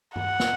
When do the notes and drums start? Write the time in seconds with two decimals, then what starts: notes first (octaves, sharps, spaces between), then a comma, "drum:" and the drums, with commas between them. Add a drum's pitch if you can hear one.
0.16 F#5, drum: tom G2
0.40 drum: snare